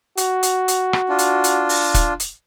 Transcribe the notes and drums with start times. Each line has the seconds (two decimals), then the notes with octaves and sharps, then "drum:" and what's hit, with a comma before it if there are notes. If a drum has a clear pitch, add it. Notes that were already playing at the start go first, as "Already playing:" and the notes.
0.17 F#4, drum: hi-hat
0.43 drum: hi-hat
0.68 drum: hi-hat
0.93 drum: rim click
1.09 D4 F4
1.19 drum: hi-hat
1.44 drum: hi-hat
1.69 drum: open hi-hat
1.94 drum: kick, hi-hat
2.20 drum: hi-hat